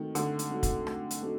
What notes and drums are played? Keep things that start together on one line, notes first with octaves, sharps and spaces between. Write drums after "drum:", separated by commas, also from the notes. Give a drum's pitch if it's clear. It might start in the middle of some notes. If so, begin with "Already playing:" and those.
Already playing: D#3 A3 C4 D#4 F#4 A4
D3 A3, drum: hi-hat
drum: hi-hat
C4 D#4 F#4 A4
drum: kick, hi-hat
A3, drum: rim click
drum: hi-hat
C4 D#4 F#4 A4